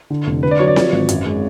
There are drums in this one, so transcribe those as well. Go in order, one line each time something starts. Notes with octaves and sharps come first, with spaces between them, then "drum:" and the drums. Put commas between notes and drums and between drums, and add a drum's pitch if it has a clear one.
D3
F1
D3 B4
D5
F#3 C#5
D5
F3, drum: snare C4
G#1
F#2, drum: hi-hat
G#3